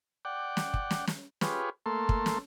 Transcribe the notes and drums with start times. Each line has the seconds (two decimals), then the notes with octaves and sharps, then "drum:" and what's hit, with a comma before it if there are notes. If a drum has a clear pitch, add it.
0.25 D5 F#5 G5
0.57 drum: snare
0.74 drum: kick
0.91 drum: snare
1.07 drum: snare
1.41 F4 G4 G#4 B4 C#5, drum: snare
1.86 A3 A#3 A4 C6
2.09 drum: kick
2.26 drum: snare